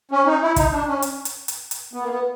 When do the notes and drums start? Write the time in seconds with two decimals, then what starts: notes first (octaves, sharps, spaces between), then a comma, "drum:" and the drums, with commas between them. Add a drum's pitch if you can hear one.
0.11 C#4
0.26 D#4
0.42 E4
0.56 D#4, drum: kick, hi-hat
0.72 D4
0.87 C#4
1.02 drum: hi-hat
1.25 drum: hi-hat
1.48 drum: hi-hat
1.71 drum: hi-hat
1.94 B3
2.02 A#3
2.09 B3